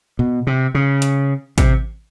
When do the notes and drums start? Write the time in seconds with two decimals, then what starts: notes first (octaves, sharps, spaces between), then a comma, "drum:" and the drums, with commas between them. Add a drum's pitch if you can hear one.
0.19 B2
0.47 C3
0.75 C#3
1.02 drum: hi-hat
1.58 C3, drum: kick A1, hi-hat